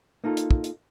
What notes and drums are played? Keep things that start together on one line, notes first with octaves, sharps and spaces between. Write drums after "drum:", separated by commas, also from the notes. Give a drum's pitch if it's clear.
A#3 D#4 F4 A4
drum: hi-hat
drum: kick
drum: hi-hat